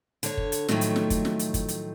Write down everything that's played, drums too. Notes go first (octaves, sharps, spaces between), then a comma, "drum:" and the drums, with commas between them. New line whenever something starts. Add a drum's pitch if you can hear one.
D3 C#5, drum: hi-hat
drum: kick
drum: hi-hat
A2 D#3 F3 F#3 A3, drum: snare
drum: hi-hat
drum: snare
drum: kick, hi-hat
drum: snare
drum: hi-hat
drum: kick, hi-hat
drum: hi-hat